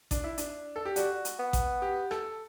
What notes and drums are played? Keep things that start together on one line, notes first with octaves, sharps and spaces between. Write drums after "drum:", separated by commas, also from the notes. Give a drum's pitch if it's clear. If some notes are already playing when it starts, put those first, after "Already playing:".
D4, drum: kick A1, hi-hat
E4
D4, drum: hi-hat
A4
G4
G3 F#4, drum: hi-hat
drum: hi-hat
B3
drum: kick A1, hi-hat
G4
A4, drum: rim click